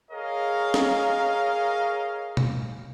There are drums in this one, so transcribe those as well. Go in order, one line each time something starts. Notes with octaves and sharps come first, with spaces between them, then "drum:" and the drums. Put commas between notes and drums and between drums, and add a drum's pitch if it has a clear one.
G#4 A#4 C#5 D#5 F5
drum: snare
drum: tom